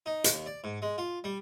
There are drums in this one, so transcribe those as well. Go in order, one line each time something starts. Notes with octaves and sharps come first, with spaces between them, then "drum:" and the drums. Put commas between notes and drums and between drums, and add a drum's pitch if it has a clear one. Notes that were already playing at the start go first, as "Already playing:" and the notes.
D#4
D#2, drum: hi-hat
D5
G#2
G#3
F4
G3